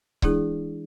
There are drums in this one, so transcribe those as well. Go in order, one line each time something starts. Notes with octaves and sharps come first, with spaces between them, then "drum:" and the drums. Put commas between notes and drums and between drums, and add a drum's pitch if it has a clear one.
E3 G#3 D4 E4 G#4, drum: kick C#1